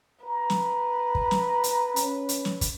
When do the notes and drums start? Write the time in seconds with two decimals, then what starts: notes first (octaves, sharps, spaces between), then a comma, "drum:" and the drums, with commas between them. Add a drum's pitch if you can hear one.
0.25 B4 A#5
0.50 drum: snare
1.15 drum: kick
1.31 drum: snare
1.64 drum: hi-hat
1.96 C#4, drum: hi-hat
2.29 drum: hi-hat
2.45 drum: snare
2.61 drum: kick, hi-hat